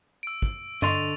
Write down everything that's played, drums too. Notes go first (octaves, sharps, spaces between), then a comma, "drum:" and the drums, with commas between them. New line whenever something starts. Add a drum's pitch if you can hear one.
E6 D7
drum: kick
D3 D#5 C6 C#6 A6 F7, drum: tom G2